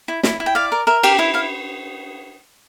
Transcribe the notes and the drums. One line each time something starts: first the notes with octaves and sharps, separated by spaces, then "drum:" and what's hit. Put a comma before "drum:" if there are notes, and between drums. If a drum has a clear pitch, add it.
E4
E4, drum: snare
E4
G5
D5 F5
A#4
A#4 E5
G4, drum: cymbal
E4 E5
E4 F5